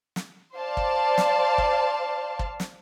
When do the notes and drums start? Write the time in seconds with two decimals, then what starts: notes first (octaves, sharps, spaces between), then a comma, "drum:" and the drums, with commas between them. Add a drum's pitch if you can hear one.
0.16 drum: snare
0.57 C5 D5 F5 A5
0.77 drum: kick
1.18 drum: snare
1.58 drum: kick
2.39 drum: kick
2.60 drum: snare